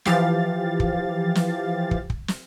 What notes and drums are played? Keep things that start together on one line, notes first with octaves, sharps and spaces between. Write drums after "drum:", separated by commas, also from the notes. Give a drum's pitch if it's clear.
E3 F3 G4 F5 A6, drum: snare
drum: kick
drum: snare
drum: kick
drum: kick
drum: snare